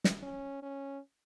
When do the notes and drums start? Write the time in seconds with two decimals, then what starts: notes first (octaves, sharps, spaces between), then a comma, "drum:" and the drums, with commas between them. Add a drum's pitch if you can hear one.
0.04 drum: snare
0.23 C#4
0.63 C#4